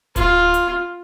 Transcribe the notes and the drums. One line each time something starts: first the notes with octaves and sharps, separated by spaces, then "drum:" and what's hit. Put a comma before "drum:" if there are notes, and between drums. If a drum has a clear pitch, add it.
F4, drum: kick D1, hi-hat
drum: hi-hat